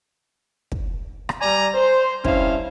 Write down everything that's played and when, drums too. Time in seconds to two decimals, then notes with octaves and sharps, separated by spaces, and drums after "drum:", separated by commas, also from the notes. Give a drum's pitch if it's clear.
0.72 drum: kick
1.29 drum: rim click
1.41 G3 D5 G#5 A#5
1.74 C5
2.25 G2 C4 C#4 E4 F5, drum: kick